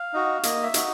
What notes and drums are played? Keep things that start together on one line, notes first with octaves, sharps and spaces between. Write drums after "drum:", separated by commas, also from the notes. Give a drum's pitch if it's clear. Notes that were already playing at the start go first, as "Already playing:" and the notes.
Already playing: F5
D#4 F#4
A#3 D#5, drum: hi-hat
E5
D#4 F#4, drum: hi-hat